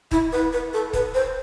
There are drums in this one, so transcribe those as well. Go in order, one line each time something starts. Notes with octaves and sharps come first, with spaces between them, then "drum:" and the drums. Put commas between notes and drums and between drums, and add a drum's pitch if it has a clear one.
E4, drum: kick D#1
B4
B4
A4
B4, drum: kick D#1, hi-hat
C5